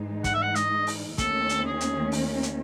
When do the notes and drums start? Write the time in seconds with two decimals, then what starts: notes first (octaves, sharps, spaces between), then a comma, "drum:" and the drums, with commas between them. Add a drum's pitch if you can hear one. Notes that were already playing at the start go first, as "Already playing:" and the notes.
Already playing: G#2 E3 G#3 D#4
0.24 F#5, drum: kick, hi-hat
0.34 E5
0.42 F#5
0.55 D#5, drum: hi-hat
0.87 drum: open hi-hat
1.18 D#2 D#3 A3 C#4 A4, drum: kick, hi-hat
1.49 drum: hi-hat
1.65 G#4
1.81 drum: hi-hat
2.12 drum: open hi-hat
2.43 drum: hi-hat